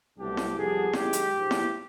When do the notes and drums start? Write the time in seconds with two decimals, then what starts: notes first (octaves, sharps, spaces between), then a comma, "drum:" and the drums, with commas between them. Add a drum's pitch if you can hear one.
0.18 C2 B2 F#3 A3 D4 G4
0.37 drum: snare E4
0.56 F2 D3 G3 B3 D4 G#4
0.93 F#2 D#3 G#3 C#4 G4, drum: snare E4
1.13 drum: hi-hat
1.31 A#1 G#2 F3
1.51 drum: snare E4